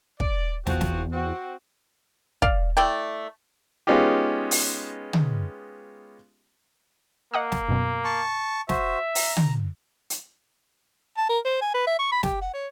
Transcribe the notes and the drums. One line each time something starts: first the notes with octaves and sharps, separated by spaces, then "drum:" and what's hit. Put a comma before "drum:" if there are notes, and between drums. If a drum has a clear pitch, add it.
D5, drum: kick
E2 F3 C4 F#4, drum: snare
drum: snare
C4 F#4
D5 F5, drum: kick
A3 E4 D5 G5
G#3 B3 C#4 D#4 F4 G4
drum: open hi-hat
drum: tom
A#3 D#5 F#5 D#6
drum: snare
F#2 B2
A5 C#6
F#4 C5 E5, drum: snare
A#5, drum: open hi-hat
drum: tom
drum: hi-hat
A5
A#4
C5
G#5
B4
E5
C#6
B5
G4, drum: snare
F#5
C#5